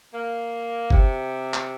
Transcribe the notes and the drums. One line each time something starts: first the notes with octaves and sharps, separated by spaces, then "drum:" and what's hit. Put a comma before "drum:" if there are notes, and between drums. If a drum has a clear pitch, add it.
A#3
C3, drum: kick G1
drum: clap